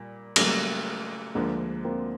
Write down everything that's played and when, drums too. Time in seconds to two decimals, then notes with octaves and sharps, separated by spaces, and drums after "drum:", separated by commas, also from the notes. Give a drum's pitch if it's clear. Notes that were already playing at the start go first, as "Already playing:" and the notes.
Already playing: A#2 G3
0.36 C#3 F#3 G3 A3 A#3, drum: cymbal
1.35 D2 D3 F3 G#3 A#3
1.84 A#3 C4